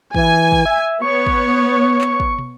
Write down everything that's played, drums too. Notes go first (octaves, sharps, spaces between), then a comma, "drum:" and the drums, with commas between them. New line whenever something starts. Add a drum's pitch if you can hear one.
E3 G#5, drum: kick
drum: kick
E5
B3 C#5 C#6
drum: kick
drum: clap
drum: kick
drum: tom